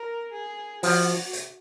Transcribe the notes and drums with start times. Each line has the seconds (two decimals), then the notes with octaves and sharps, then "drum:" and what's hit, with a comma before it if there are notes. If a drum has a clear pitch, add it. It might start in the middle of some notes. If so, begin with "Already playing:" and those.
Already playing: A#4
0.32 G#4
0.83 F3 F#4, drum: open hi-hat
1.33 drum: hi-hat